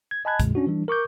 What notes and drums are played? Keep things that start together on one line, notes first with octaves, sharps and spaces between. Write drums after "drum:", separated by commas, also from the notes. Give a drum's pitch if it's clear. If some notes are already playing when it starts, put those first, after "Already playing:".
G#6
D#5 G#5 A5 B5 F#6 G#6
F2 A#2 D3 G#3, drum: kick, hi-hat
C#4 D4 F#4
E3 G3 D4
A#4 C#6 D6 G6